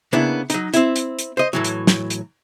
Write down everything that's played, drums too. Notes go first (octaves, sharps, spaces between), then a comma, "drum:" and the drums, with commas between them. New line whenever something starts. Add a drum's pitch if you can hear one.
C#3 A#3 B3 D4 E4
F#3 D#4, drum: hi-hat
C4 E4, drum: hi-hat
drum: hi-hat
drum: hi-hat
C5 D#5
A2 E3 F#3
drum: hi-hat
drum: snare
drum: hi-hat